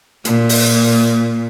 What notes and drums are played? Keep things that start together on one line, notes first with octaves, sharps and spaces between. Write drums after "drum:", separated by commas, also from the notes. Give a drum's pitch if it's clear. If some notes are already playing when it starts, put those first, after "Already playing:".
A#2, drum: hi-hat
drum: open hi-hat